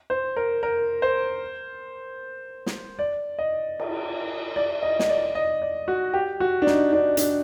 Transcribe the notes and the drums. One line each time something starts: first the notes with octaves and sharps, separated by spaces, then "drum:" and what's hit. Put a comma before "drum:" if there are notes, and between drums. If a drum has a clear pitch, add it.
C5
A#4
A#4
C5
drum: snare
D5
D#5
drum: cymbal
D5
D#5
D#5, drum: snare
D5
D#5
D5
F#4
G4
F#4
D4
D#4, drum: snare
D4
D4, drum: hi-hat